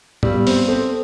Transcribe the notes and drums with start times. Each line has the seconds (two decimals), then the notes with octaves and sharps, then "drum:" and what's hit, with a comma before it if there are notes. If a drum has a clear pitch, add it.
0.23 G3 B3, drum: tom G#2
0.47 C4, drum: open hi-hat
0.68 C4 A4